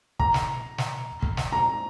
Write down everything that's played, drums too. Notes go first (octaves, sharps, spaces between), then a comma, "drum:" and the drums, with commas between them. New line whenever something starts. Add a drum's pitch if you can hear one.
A#5, drum: kick
drum: snare
drum: snare
drum: kick
drum: snare
A#5